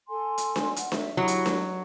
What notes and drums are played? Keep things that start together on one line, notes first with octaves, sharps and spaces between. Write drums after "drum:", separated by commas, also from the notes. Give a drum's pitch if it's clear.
A4 G#5 C6
drum: hi-hat
drum: snare D4
F#5, drum: hi-hat
E5, drum: snare D4
F#3 E4 G4 B5
drum: hi-hat
drum: snare D4
A5